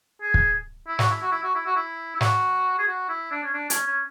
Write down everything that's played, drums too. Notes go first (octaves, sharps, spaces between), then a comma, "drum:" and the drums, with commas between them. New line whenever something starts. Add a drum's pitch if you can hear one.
G#4
drum: kick
E4
F#4, drum: snare
E4
F#4
E4
F#4
E4
F#4
E4
E4
F#4, drum: snare
G#4
F#4
E4
D4
C#4
D4
C#4, drum: hi-hat
C#4